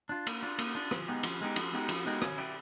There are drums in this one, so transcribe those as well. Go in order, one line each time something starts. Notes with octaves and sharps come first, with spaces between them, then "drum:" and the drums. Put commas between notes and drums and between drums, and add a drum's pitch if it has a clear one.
D4 F4
A#3, drum: cymbal
D4 F4
A#3, drum: cymbal
D4 F4
F3, drum: rim click
G#3 B3 D#4 G4
F3, drum: cymbal
G#3 B3 D#4 G4
F3, drum: cymbal
G#3 B3 D#4 G4
F3, drum: cymbal
G#3 B3 D#4 G4
C#4, drum: rim click
E4 G4 B4 D5